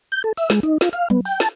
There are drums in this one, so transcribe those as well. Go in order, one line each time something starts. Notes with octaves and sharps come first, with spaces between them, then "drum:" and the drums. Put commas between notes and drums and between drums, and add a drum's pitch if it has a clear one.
G6
A4
E5, drum: open hi-hat
G#3, drum: snare
D#4, drum: hi-hat
F4, drum: snare
F5, drum: hi-hat
B3, drum: tom F#3
G5, drum: open hi-hat
A5, drum: snare